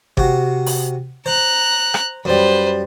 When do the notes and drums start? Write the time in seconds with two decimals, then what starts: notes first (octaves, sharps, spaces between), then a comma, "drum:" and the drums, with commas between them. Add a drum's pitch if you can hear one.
0.17 C3 F#4, drum: kick G1
0.67 drum: open hi-hat
1.26 C5 A#5 F#6
1.94 drum: rim click
2.25 F#2 G3 B4 C5